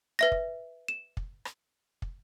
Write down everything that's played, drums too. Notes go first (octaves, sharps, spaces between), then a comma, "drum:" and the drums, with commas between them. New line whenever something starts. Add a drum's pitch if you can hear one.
B4 E5 A#6
drum: kick
E7
drum: kick
drum: rim click
drum: kick